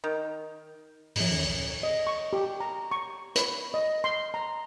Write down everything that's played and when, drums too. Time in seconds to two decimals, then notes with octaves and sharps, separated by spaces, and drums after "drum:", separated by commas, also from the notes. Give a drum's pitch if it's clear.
0.04 D#3
1.16 G#2 F3, drum: open hi-hat
1.31 E2 D#3 C#4
1.43 B1
1.58 D1
1.83 D#5
2.07 C#6
2.33 G4
2.60 A#5
2.91 C#6
3.36 B4, drum: hi-hat
3.74 D#5
4.04 C6
4.34 A#5